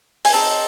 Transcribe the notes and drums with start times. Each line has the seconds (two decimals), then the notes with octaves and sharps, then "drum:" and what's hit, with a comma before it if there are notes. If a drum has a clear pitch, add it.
0.25 G#5, drum: open hi-hat
0.33 C4 D#4 G#4 A5